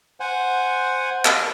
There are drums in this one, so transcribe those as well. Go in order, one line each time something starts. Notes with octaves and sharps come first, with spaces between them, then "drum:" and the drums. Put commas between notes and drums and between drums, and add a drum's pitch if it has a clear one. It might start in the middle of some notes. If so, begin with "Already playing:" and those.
C5 F#5 G#5
drum: clap